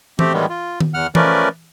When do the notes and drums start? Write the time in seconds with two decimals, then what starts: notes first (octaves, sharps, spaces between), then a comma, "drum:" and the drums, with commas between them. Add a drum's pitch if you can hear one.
0.19 A3 C4 G4, drum: tom E3
0.33 A2 D#3 E3 G3 G#3 B3
0.49 F4
0.80 drum: tom D#3
0.94 E2 F#5 F6
1.15 F3 A3 C#4 A#4 B4 D5, drum: tom E3